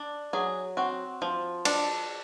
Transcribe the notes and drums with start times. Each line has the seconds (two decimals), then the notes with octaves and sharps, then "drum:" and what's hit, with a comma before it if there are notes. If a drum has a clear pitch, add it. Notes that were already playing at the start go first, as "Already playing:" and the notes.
Already playing: D4
0.33 F#3 G#4
0.77 C4 F#4
1.22 F3
1.65 D4, drum: cymbal